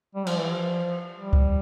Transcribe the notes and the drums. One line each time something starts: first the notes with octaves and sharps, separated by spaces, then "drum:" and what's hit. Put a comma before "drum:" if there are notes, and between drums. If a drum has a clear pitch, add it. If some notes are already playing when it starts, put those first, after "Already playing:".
G3
F3, drum: cymbal
E3
F3
G3
drum: kick C#2